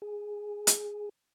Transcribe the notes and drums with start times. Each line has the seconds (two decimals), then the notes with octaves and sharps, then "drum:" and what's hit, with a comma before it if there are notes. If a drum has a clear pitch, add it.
0.02 G#4
0.67 drum: hi-hat